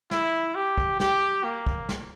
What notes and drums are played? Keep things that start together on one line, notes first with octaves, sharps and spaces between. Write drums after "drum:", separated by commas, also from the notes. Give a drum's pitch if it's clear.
E4, drum: snare
G4
drum: kick
G4, drum: snare
A#3
drum: kick
drum: snare